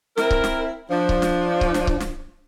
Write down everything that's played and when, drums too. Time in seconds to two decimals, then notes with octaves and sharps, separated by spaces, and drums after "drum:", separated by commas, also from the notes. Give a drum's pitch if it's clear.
0.18 C4 E4 A#4, drum: snare
0.31 drum: kick C#1
0.44 drum: snare
0.91 F3 D4
1.09 drum: kick C#1
1.22 drum: snare
1.61 drum: kick C#1
1.74 drum: snare
1.87 drum: kick C#1
2.00 drum: snare